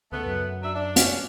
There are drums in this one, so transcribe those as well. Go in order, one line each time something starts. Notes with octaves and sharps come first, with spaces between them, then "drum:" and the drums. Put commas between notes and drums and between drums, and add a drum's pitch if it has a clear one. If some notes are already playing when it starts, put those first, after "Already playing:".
C#2 A3 B3
F#2
F#3 D4 E5
D4
C#4 D4, drum: hi-hat